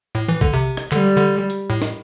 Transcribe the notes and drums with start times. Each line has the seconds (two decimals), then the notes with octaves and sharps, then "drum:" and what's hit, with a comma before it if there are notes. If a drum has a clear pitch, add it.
0.15 A2
0.28 E3
0.41 D3, drum: kick B1
0.53 C3
0.77 drum: rim click
0.92 D3 G3, drum: clap
1.17 D3
1.50 drum: hi-hat
1.70 A2
1.82 drum: snare